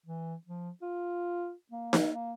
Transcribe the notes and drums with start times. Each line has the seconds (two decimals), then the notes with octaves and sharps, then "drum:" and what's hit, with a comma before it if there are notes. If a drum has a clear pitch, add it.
0.06 E3
0.47 F3
0.82 F4
1.72 A#3
1.93 drum: snare D#4
2.14 A#3